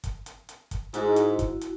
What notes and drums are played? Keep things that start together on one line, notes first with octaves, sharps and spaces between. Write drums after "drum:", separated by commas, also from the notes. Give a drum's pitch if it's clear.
drum: kick, hi-hat
drum: hi-hat
drum: hi-hat
drum: kick, hi-hat
G#2 E4 F#4, drum: hi-hat
drum: hi-hat
drum: kick, hi-hat
drum: hi-hat